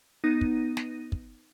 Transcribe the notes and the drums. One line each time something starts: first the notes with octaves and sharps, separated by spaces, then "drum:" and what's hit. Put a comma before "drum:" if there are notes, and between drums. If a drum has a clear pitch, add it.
B3 D#4 A#6 D#7
drum: kick
drum: snare
drum: kick